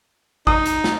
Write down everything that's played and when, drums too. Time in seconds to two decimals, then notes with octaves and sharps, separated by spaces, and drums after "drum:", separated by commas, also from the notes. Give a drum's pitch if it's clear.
0.47 D#4 D#6, drum: kick G#1
0.66 drum: hi-hat
0.84 drum: snare